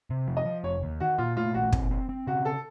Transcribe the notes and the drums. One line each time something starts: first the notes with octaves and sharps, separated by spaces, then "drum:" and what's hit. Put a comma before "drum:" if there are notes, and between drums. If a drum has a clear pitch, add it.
C3
F3
D#5
F3
F1 C#5
D#2
D#3 F#4
A#2 F4
A3 F4
A#1 F#4
C4, drum: kick
C4
C4
C#3 F#4
A4